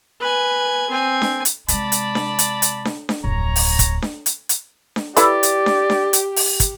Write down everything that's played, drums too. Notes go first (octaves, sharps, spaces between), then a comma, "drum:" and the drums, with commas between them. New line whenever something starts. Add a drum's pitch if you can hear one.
B4 G#5
C4 G#5
drum: snare D4
drum: hi-hat
C3 G#3 D5 A5 B5, drum: hi-hat
drum: hi-hat
drum: snare D4
drum: hi-hat
drum: hi-hat
drum: snare D4
drum: snare D4
D1 F2 C#5 A#5
drum: open hi-hat
drum: kick, hi-hat
drum: snare D4
drum: hi-hat
drum: hi-hat
drum: snare D4
E4 G4 A4 B4 D5, drum: hi-hat
drum: hi-hat
drum: snare D4
drum: snare D4
drum: hi-hat
drum: open hi-hat
drum: kick, hi-hat